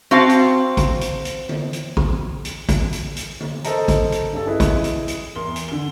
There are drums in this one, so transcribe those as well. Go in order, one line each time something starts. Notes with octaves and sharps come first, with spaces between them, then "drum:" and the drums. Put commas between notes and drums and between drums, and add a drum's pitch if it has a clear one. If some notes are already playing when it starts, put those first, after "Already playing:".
C4 F#4 F5 A5
drum: hi-hat
drum: kick, hi-hat
drum: hi-hat
drum: hi-hat
drum: tom D3
drum: hi-hat
drum: kick
drum: hi-hat
drum: kick, hi-hat
drum: hi-hat
drum: hi-hat
drum: tom D3
A4 A#4 C5 D#5 A5 A#5, drum: hi-hat
drum: kick, hi-hat
drum: hi-hat
G2 C#4 A4
E4 G#4 B4 D#5
drum: kick, hi-hat
drum: hi-hat
drum: hi-hat
E2 A#4 C6 G7
drum: hi-hat
D3 G7